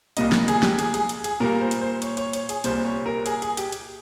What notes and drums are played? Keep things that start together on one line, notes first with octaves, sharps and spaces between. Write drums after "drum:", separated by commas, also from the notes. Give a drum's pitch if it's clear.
C2 A#2 G3 A#3 D#5, drum: hi-hat
drum: snare
G#4, drum: hi-hat
G4, drum: snare
G#4, drum: hi-hat
G#4, drum: hi-hat
drum: hi-hat
G#4, drum: hi-hat
A#2 G3 A#3 A#4
C5
drum: hi-hat
C5
C#5, drum: hi-hat
C#5, drum: hi-hat
C#5, drum: hi-hat
G#4, drum: hi-hat
C2 A#2 G3 C5, drum: hi-hat
C#5
A#4
G#4, drum: hi-hat
G#4, drum: hi-hat
G4, drum: hi-hat
drum: hi-hat